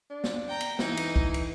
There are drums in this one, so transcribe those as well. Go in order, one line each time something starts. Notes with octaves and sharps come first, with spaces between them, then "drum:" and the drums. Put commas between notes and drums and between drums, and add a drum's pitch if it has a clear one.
D4
drum: snare
G5 A#5
drum: cymbal
E3 D#4, drum: snare
drum: cymbal
drum: kick
drum: cymbal